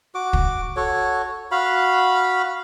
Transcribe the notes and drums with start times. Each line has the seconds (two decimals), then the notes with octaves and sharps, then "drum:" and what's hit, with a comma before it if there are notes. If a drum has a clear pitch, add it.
0.15 F#4 D6
0.33 drum: kick
0.76 F#4 A4 C#5
1.51 F#4 F5 B5